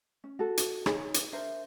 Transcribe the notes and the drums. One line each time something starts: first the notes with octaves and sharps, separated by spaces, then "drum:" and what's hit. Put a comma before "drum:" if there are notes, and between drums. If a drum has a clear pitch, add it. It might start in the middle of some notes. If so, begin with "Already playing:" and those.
C#4
F#4 A4
drum: hi-hat
D#4 G#4 C#5 G#5, drum: rim click
drum: hi-hat
D4 A#4 C5 E5